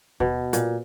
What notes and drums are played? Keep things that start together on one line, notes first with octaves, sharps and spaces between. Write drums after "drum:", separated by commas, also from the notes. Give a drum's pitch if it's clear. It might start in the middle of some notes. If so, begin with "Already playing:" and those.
B2, drum: kick D#2
A#2, drum: hi-hat